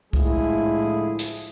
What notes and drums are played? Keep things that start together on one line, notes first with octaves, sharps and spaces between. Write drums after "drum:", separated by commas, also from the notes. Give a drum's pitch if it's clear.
A2 D3 F3 G#3 E4 G#4, drum: kick C2
drum: hi-hat